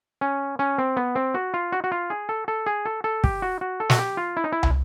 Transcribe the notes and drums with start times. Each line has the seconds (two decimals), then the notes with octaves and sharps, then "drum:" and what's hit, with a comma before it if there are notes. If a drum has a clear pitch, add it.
0.21 C#4
0.59 C#4
0.78 C4
0.97 B3
1.15 C4
1.34 F#4
1.54 F4
1.72 F#4
1.84 F#4
1.92 F4
2.10 G#4
2.29 A4
2.48 A4
2.66 G#4
2.85 A4
3.04 A4
3.24 G4, drum: kick
3.42 F#4
3.61 F#4
3.80 A4
3.90 F#4, drum: snare
3.99 G4
4.17 F4
4.37 E4
4.44 D#4
4.52 E4
4.63 drum: tom